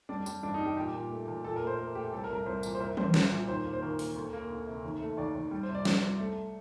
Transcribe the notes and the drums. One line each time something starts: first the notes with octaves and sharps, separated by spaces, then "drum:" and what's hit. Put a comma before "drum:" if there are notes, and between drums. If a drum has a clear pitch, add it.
G3 D4
D4
G3, drum: tambourine
G2 D4
D#4
G3
G4
A#2 G4
A#2
A3
A#2
A#2 A4
A#4
A3
C5
A3 A#4
A3 G4
C2 A4
A#4
C2
A#4
C2 C5
A#2, drum: tambourine
C5
C2 A#4
G3 C5, drum: tom
G3, drum: snare
A#2
D#2 C5
A#3
C5
D#2 A#4
A#3, drum: open hi-hat
D2
A#3
D2
C3
D#2
A3
D#2 D5
D#2
G3
C5
C3
D5
G3, drum: snare
C2
A3